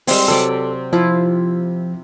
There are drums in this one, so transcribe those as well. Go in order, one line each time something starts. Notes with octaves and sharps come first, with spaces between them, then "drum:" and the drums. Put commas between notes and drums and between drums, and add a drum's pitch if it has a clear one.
G3 G#3 C4, drum: open hi-hat
C3 F#3 A4 D5
F3 E4 F4